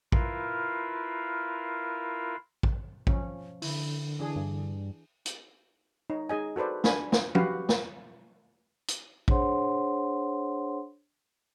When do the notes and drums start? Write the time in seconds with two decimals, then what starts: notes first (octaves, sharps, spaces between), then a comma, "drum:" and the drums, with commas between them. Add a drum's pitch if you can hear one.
0.12 E4 F4 A#4 B4 F5, drum: kick
2.63 drum: kick
3.07 F3 C#4, drum: kick
3.62 D3 E4, drum: open hi-hat
4.19 E3 D4 G#4
4.36 G2
5.26 drum: hi-hat
6.10 D#4 C#5
6.29 D#4 G#4 D#5 G#5
6.56 F#4 A4 B4 C5 D5
6.84 D4 G#5 B5, drum: snare
7.12 drum: snare
7.35 F#4 G4 B4 F5, drum: tom F3
7.69 drum: snare
8.88 drum: hi-hat
9.28 D4 G#4 C5 C#5 F#5 C6, drum: kick